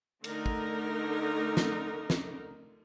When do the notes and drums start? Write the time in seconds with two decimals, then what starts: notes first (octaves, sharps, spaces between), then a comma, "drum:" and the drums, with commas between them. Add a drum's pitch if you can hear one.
0.24 D3 A3 D#4 A#4, drum: cymbal
0.46 drum: kick
1.57 drum: snare
2.10 drum: snare